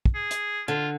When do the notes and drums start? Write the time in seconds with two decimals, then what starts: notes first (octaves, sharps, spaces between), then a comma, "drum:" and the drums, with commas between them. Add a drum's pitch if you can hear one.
0.05 drum: kick
0.15 G#4
0.31 drum: hi-hat
0.68 D3 F4